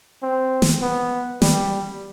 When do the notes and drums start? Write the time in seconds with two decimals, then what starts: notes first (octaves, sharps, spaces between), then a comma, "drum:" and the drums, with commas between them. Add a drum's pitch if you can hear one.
0.23 C4
0.62 drum: snare
0.82 B3
1.42 G3, drum: snare